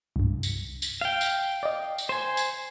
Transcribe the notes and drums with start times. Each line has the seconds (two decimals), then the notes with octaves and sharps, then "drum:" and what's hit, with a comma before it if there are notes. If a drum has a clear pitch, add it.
0.16 C2 G2
0.43 drum: tambourine
0.82 drum: tambourine
1.01 F5 G5
1.21 drum: tambourine
1.63 D5 D#5
1.98 drum: tambourine
2.09 C5 G#5
2.37 drum: tambourine